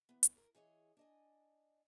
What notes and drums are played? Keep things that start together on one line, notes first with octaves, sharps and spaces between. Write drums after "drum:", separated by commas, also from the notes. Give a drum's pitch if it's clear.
E3 B3
drum: hi-hat
A#4
E3 G#4 C#5 D#5
D4 D#5 G#5